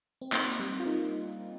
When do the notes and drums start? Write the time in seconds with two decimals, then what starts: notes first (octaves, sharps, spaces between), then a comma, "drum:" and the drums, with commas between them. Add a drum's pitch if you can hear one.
0.21 C4
0.32 A#3 D#4, drum: clap
0.59 G3 C4
0.80 F4
0.85 A#3 D#4